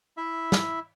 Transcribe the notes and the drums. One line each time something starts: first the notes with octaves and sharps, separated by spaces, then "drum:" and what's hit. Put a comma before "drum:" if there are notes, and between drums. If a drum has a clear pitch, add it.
E4 E5
drum: snare